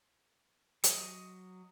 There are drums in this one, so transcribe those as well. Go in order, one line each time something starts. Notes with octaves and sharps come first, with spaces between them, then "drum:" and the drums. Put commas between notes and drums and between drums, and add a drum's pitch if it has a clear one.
F#3 D#5, drum: hi-hat